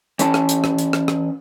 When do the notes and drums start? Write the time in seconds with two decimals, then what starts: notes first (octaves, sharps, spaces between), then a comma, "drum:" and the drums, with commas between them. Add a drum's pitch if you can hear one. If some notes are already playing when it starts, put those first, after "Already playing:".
0.19 E3 C#4 A5, drum: hi-hat
0.34 drum: rim click
0.49 drum: hi-hat
0.64 drum: rim click
0.78 drum: hi-hat
0.93 drum: rim click
1.08 drum: rim click